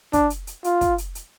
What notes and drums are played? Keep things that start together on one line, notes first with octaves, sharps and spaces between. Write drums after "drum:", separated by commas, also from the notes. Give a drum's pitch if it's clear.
D4, drum: kick, hi-hat
drum: hi-hat
drum: hi-hat
F4, drum: hi-hat
drum: kick, hi-hat
drum: hi-hat
drum: hi-hat